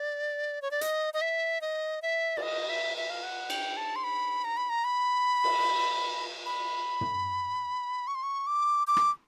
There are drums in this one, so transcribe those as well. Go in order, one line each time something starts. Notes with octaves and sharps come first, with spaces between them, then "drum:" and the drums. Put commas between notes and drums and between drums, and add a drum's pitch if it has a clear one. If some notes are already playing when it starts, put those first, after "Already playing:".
Already playing: D5
C#5
D5
D#5, drum: hi-hat
D#5
E5
D#5
E5
D5, drum: cymbal
D#5
E5
E5
F5
F#5
G5, drum: cymbal
A5
C6
B5
A#5
B5
A#5
B5
drum: cymbal
B5
drum: tom
C#6
C6
C#6
D6
D6
drum: rim click